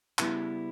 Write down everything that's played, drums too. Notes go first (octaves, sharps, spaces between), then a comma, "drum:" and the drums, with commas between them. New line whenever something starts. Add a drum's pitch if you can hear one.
C#3 G3 B3 E4, drum: clap